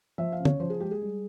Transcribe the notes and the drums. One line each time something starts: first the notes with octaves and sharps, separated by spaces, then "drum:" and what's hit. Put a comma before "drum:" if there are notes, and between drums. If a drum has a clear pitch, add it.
F3 E5
F5
C#3
C#5, drum: tom
F3 C5
G#4
G#3 G4
G#4
G3